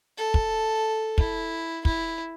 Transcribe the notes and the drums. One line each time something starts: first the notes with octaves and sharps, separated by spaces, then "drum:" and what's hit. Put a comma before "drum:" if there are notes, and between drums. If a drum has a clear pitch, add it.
A4
drum: kick
E4, drum: kick
E4, drum: kick